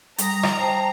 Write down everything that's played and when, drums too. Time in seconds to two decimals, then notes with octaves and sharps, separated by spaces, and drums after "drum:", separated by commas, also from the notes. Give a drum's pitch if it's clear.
0.18 G3 A#5 D#6, drum: hi-hat
0.43 drum: rim click
0.60 C5 G5 A5